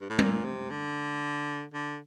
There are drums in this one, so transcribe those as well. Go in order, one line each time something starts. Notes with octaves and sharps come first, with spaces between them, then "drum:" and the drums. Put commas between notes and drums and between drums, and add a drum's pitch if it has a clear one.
G2
A2
A#2, drum: tom G3
C3
D3
D3